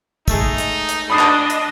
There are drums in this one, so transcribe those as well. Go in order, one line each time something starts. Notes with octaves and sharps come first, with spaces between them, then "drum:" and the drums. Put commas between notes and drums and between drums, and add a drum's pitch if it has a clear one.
G#3 A3 D#4 E5, drum: kick
drum: hi-hat
drum: hi-hat
D4 D#5 B5 D#6 C7
drum: clap
drum: hi-hat